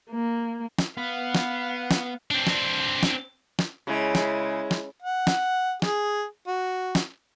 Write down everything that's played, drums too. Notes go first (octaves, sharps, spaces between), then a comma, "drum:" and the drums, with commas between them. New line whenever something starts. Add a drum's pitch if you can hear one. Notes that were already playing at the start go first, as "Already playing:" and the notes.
A#3
drum: snare
B3 B4 F5 F#5
drum: snare
drum: snare
C4 D4
drum: snare
drum: snare
drum: snare
C#3 G#3 E4
drum: snare
drum: snare
F#5
drum: snare
G#4, drum: snare
F#4
drum: snare